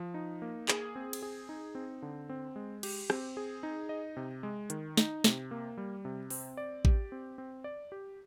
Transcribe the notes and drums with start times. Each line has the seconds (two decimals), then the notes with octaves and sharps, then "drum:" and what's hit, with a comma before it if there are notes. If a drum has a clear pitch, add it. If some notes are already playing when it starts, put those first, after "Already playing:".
Already playing: F3
0.14 D#4
0.42 A#3
0.68 G#4, drum: clap
0.96 C4
1.13 drum: cymbal
1.22 G#4
1.49 D#4
1.75 C4
2.02 D3
2.29 C4
2.56 G#3
2.83 G4, drum: cymbal
3.10 C4, drum: rim click
3.37 G#4
3.63 D#4
3.89 D#5
4.17 C3
4.43 G#3
4.70 D#3, drum: hi-hat
4.97 D#4, drum: snare
5.24 C3, drum: snare
5.51 A#3
5.77 G3
6.05 C3
6.30 C4, drum: open hi-hat
6.57 D5
6.85 G4, drum: kick A1
7.12 C4
7.38 C4
7.64 D5
7.92 G4